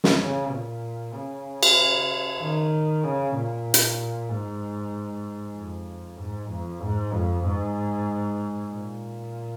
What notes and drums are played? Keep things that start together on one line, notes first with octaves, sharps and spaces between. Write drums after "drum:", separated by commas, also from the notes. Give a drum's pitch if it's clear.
drum: snare
C#3
A#2
C#3
drum: cymbal
D#3
C#3
A#2
drum: hi-hat
G#2
F2
G#2
F2
G#2
F2
G#2
A#2